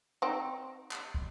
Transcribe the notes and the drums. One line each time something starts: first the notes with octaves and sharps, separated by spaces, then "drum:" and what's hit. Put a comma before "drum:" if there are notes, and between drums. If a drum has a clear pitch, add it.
C4 D#4
drum: clap
drum: kick